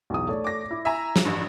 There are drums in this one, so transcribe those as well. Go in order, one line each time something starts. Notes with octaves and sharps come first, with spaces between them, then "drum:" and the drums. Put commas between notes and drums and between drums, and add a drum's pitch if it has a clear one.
B1 E2 D#6
A3 C#5 D5
D6 A#6
E4
E5 G#5 A#5
drum: snare
A1 G2